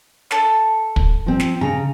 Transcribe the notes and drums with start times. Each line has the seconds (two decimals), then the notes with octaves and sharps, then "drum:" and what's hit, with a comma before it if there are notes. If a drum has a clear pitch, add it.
0.31 A4 A5 E6, drum: snare
0.96 drum: kick
1.26 F3 C4
1.40 drum: snare
1.61 C#3 A#5